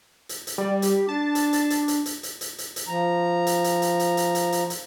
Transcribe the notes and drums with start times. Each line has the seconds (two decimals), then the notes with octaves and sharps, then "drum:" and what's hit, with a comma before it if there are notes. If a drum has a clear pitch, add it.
0.29 drum: hi-hat
0.47 drum: hi-hat
0.58 G3 D5
0.82 G4, drum: hi-hat
1.09 D4 A5
1.35 drum: hi-hat
1.53 drum: hi-hat
1.70 drum: hi-hat
1.88 drum: hi-hat
2.06 drum: hi-hat
2.23 drum: hi-hat
2.41 drum: hi-hat
2.58 drum: hi-hat
2.76 drum: hi-hat
2.88 F3 A#5
3.47 drum: hi-hat
3.64 drum: hi-hat
3.82 drum: hi-hat
3.99 drum: hi-hat
4.17 drum: hi-hat
4.35 drum: hi-hat
4.52 drum: hi-hat
4.70 drum: hi-hat